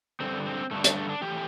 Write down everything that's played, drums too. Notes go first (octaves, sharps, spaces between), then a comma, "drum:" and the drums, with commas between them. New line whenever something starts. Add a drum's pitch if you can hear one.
G2 D3 C4
C4
G2 D3 A3
A3, drum: hi-hat
A3
D4
A2 E3 G4